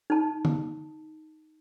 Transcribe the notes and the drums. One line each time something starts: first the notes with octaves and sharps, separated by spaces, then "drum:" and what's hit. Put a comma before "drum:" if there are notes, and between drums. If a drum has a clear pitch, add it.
D#4 A5
drum: tom D3